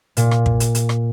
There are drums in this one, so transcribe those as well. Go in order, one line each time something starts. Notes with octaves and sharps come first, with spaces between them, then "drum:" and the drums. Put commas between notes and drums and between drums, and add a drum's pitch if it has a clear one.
A#2, drum: hi-hat
drum: rim click
drum: kick
drum: hi-hat
drum: hi-hat
drum: rim click